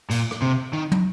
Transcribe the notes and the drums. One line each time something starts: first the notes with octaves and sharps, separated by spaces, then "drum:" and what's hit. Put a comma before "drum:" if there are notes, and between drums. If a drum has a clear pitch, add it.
A#2, drum: cymbal
drum: rim click
C3
D#3
drum: tom